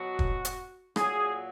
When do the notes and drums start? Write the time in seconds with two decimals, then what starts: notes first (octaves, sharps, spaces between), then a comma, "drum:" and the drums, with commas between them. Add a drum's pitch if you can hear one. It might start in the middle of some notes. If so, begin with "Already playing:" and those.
Already playing: B2 F#3 F#4
0.19 drum: kick
0.45 drum: hi-hat
0.96 A#2 F#3 G#4, drum: rim click